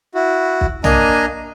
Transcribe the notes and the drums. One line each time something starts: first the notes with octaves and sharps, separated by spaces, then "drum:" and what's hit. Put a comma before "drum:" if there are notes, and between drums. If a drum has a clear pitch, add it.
E4 F#4
drum: kick
A#3 D4 D#5 G#5 A#5, drum: tom